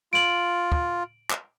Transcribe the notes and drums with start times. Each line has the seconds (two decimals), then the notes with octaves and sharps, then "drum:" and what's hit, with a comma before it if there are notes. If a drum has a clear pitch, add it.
0.13 F4 D7 F#7
0.72 drum: kick
1.31 drum: clap